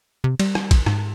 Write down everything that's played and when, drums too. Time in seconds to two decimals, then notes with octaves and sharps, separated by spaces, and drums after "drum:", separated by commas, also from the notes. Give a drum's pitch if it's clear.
0.24 C3
0.40 G3, drum: cymbal
0.55 drum: rim click
0.71 drum: kick, cymbal
0.86 G#2, drum: rim click